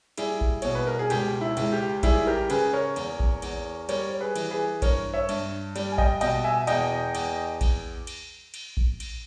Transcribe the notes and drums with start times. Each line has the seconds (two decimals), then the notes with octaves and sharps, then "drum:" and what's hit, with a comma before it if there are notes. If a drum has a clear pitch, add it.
0.18 G3 E4 G#4, drum: cymbal
0.41 drum: kick A1
0.62 B2 C#5, drum: cymbal
0.75 B4
0.87 A#4
0.99 G#4
1.10 C#2 G4, drum: cymbal
1.41 E4
1.57 C#2, drum: cymbal
1.72 G4
2.03 G3 E4 G#4, drum: kick A1, cymbal
2.27 G4 A#4
2.50 C#3 G#4 B4, drum: cymbal
2.73 A#4 C#5
2.96 E2, drum: cymbal
3.20 drum: kick A1
3.42 E2, drum: cymbal
3.89 G3 A#4 C#5, drum: cymbal
4.09 C#5
4.20 G#4 B4
4.36 E3, drum: cymbal
4.51 G#4 B4
4.82 G2 A#4 C#5, drum: kick A1, cymbal
5.13 C#5 E5
5.29 G2, drum: cymbal
5.76 G3, drum: cymbal
5.92 G#5
5.98 D#5 G5, drum: kick A1
6.21 B2 D#5 G5, drum: cymbal
6.44 E5 G#5
6.67 E2 D#5 G5, drum: cymbal
7.15 E2, drum: cymbal
7.61 drum: kick A1, cymbal
8.07 drum: cymbal
8.54 drum: cymbal
8.77 drum: kick A1
9.00 drum: cymbal